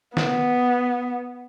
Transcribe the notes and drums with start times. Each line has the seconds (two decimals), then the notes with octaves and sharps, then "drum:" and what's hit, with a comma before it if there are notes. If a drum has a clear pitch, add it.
0.17 B3, drum: snare